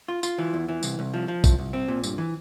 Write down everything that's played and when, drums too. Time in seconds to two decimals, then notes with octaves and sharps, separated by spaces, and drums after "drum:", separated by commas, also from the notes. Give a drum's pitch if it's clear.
0.08 F4
0.23 F4, drum: tambourine
0.38 E3
0.54 E2
0.68 E3
0.83 C2, drum: tambourine
0.99 C2
1.14 F3
1.28 F3
1.44 C2, drum: kick, tambourine
1.59 C2
1.73 C4
1.88 A#2
2.03 G2, drum: tambourine
2.18 E3